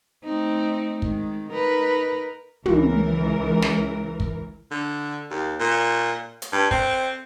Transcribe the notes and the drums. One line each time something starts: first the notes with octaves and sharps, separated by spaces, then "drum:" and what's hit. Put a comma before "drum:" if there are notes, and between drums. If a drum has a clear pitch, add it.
A3 C4 D#4
D#3 G#3, drum: kick
D#4 A#4 B4
C#2 E3 A#4, drum: tom
drum: snare
drum: kick
D3
D#2
A#2
drum: hi-hat
G2
C4, drum: kick